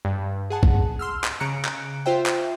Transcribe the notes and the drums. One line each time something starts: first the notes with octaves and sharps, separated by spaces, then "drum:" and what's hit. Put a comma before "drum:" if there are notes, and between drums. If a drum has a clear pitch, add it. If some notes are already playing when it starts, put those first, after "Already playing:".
G2
G#4 F#5 A5
drum: kick
C6 E6 F6
drum: clap
C#3 A#5 F#6 C#7 D7
drum: clap
F4 C5 E5 G5
drum: clap